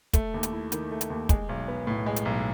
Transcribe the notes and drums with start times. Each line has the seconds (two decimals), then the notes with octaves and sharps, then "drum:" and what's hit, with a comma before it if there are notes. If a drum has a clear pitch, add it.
0.13 A3, drum: kick, hi-hat
0.34 D#2
0.43 drum: hi-hat
0.53 E4
0.72 D#3, drum: hi-hat
0.91 A3
1.01 drum: hi-hat
1.10 D#2
1.29 G#3, drum: kick, hi-hat
1.49 B1
1.68 B3
1.87 A2
2.06 G#3
2.16 drum: hi-hat
2.25 B1